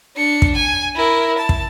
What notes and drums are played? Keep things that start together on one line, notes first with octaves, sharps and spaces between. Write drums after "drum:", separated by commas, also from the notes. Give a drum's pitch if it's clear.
D4 C#7
drum: kick
G#5
E4 A#4
A5
drum: kick